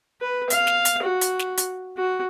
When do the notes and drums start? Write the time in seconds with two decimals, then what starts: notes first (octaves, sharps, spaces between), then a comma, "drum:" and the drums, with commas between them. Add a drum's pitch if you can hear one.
0.21 B4
0.50 F5, drum: hi-hat
0.67 drum: snare
0.85 drum: hi-hat
1.03 F#4
1.21 drum: hi-hat
1.39 drum: snare
1.57 drum: hi-hat
1.97 F#4